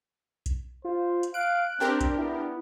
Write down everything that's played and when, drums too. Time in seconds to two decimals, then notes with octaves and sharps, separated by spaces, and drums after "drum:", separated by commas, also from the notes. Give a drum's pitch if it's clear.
0.46 drum: kick B1, hi-hat
0.85 F4 C5
1.23 drum: hi-hat
1.34 F5 F#6 D7
1.80 C4 D4 G4 A#4
2.01 drum: kick B1, hi-hat
2.18 B3 E4